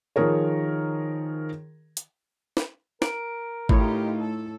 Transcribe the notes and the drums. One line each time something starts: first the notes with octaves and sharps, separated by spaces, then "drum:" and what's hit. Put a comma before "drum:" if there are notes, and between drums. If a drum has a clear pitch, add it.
D#3 F3 G#4 A#4 C#5
drum: hi-hat
drum: snare
A#4 D7, drum: snare
A2 A3 D#4 F4 G4 C#5, drum: kick G#1
A4